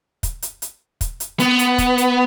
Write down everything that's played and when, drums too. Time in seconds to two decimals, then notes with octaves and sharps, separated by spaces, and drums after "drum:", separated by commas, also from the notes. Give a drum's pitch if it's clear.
0.23 drum: kick, hi-hat
0.42 drum: hi-hat
0.62 drum: hi-hat
1.01 drum: kick, hi-hat
1.20 drum: hi-hat
1.40 B3, drum: hi-hat
1.59 drum: hi-hat
1.78 drum: kick, hi-hat
1.98 drum: hi-hat